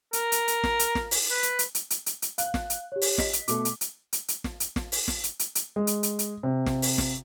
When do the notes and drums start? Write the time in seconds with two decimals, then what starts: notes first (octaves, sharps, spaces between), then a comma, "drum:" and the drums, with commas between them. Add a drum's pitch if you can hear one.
0.13 A#4, drum: hi-hat
0.32 drum: hi-hat
0.48 drum: hi-hat
0.64 drum: snare
0.79 drum: hi-hat
0.95 drum: snare
1.11 drum: open hi-hat
1.30 B4
1.43 drum: hi-hat
1.59 drum: hi-hat
1.75 drum: hi-hat
1.90 drum: hi-hat
2.06 drum: hi-hat
2.22 drum: hi-hat
2.38 F5 F#6, drum: hi-hat
2.54 drum: snare
2.70 drum: hi-hat
2.92 G4 C#5
3.02 drum: open hi-hat
3.18 D#5 B6, drum: snare
3.33 drum: hi-hat
3.48 B2 A3 D6, drum: hi-hat
3.65 drum: hi-hat
3.81 drum: hi-hat
4.13 drum: hi-hat
4.28 drum: hi-hat
4.44 drum: snare
4.60 drum: hi-hat
4.76 drum: snare
4.92 drum: open hi-hat
5.08 drum: snare
5.24 drum: hi-hat
5.39 drum: hi-hat
5.55 drum: hi-hat
5.76 G#3
5.87 drum: hi-hat
6.03 drum: hi-hat
6.19 drum: hi-hat
6.43 C3
6.66 drum: snare
6.82 drum: open hi-hat
6.98 drum: snare